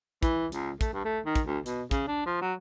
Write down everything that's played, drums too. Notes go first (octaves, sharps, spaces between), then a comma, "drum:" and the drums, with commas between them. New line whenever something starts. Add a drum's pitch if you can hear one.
E3, drum: kick, hi-hat
C#2, drum: hi-hat
A3, drum: kick, hi-hat
G2
A3
D#3
drum: kick, hi-hat
D2
B2, drum: hi-hat
C#3, drum: kick, hi-hat
D4
F3
F#3